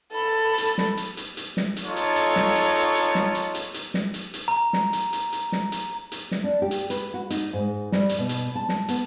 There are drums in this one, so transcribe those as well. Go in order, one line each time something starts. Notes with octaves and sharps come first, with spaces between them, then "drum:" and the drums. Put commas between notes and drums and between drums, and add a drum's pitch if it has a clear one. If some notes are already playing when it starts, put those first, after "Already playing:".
A4 B5
drum: hi-hat
drum: snare
drum: hi-hat
drum: hi-hat
drum: hi-hat
drum: snare
drum: hi-hat
D#4 F4 A4 C#5
drum: hi-hat
drum: hi-hat
drum: snare
drum: hi-hat
drum: hi-hat
drum: hi-hat
drum: snare
drum: hi-hat
drum: hi-hat
drum: hi-hat
drum: snare
drum: hi-hat
drum: hi-hat
A#5
drum: snare
drum: hi-hat
drum: hi-hat
drum: hi-hat
drum: snare
drum: hi-hat
drum: hi-hat
drum: snare
D4
G4
drum: hi-hat
B4, drum: hi-hat
F#4
D#4, drum: hi-hat
G#2
G3, drum: snare
drum: hi-hat
B2
drum: hi-hat
A5
drum: snare
B3, drum: hi-hat